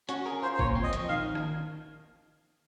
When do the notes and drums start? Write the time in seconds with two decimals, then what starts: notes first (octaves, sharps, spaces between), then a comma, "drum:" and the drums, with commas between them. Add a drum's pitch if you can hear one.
0.09 C#4 F#4, drum: hi-hat
0.26 G#4 A#4
0.42 F4 C5
0.54 C5
0.59 A#2 C#5, drum: kick G1
0.75 C4
0.84 D#5
0.93 F3, drum: hi-hat
1.09 D#3 F5
1.35 drum: rim click